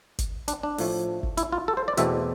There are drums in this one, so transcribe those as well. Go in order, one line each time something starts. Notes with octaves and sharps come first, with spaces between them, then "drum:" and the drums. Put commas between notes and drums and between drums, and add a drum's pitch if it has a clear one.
drum: kick G1, hi-hat
D4, drum: hi-hat
D4
A2 F3 A3, drum: open hi-hat
drum: kick G1
E4, drum: hi-hat
F4
A4
C5
D5
E2 B2 A3 C4 E5, drum: hi-hat